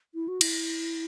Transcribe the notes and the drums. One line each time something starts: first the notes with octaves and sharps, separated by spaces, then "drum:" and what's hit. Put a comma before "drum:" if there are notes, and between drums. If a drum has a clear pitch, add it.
E4
F#4
E4, drum: cymbal